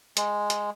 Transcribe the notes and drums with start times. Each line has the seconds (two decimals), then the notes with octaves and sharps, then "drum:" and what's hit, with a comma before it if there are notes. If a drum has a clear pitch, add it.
0.17 G#3, drum: hi-hat
0.50 drum: hi-hat